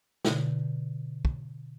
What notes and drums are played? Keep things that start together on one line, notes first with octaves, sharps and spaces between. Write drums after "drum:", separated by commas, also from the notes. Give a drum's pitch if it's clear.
B2 D3, drum: snare
drum: kick